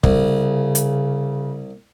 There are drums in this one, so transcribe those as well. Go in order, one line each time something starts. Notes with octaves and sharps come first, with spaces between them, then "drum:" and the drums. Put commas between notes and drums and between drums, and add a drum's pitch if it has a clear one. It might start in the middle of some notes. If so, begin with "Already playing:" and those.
C2 C#3, drum: kick
drum: hi-hat